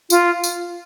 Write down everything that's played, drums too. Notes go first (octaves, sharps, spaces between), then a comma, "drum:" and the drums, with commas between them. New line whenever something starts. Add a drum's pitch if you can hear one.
F4, drum: tambourine
drum: tambourine